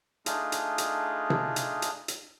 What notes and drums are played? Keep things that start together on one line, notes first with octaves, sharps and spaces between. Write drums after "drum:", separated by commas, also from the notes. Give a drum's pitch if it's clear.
A3 D4 D#4 F4 G#4, drum: hi-hat
drum: hi-hat
drum: hi-hat
drum: tom C3
drum: hi-hat
drum: hi-hat
drum: hi-hat